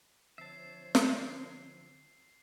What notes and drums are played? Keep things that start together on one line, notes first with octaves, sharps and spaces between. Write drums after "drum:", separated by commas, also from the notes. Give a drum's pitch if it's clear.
D3 F3 C4 C5 C#5 E5 A5 C7
drum: snare